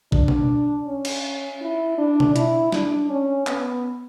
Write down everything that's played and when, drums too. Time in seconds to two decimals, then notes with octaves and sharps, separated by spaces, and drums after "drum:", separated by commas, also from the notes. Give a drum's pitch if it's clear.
0.12 D4, drum: kick
0.28 drum: tom B2
0.87 C#4
1.05 drum: cymbal
1.61 E4
1.98 D4
2.20 drum: tom B2
2.36 E4, drum: hi-hat
2.72 D4, drum: snare
3.10 C#4
3.47 B3, drum: clap